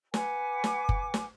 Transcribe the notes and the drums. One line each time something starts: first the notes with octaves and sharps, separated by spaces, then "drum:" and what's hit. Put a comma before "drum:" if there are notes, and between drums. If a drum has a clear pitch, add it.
B4 F#5 G#5 D6, drum: snare
drum: snare
drum: kick F#1
drum: snare